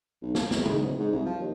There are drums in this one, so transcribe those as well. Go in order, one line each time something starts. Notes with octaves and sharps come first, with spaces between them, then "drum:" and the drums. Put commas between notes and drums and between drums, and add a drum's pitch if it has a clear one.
B1
F3, drum: snare
E2, drum: snare
G#2, drum: tom C#3
D1
G#2
C2
F3
D#2